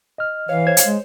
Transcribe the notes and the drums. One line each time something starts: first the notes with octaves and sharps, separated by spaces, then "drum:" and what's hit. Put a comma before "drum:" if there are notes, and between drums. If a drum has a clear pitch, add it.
D#5 F6
E3 C#5 F5
C5 C#5 G#6
drum: hi-hat
G#3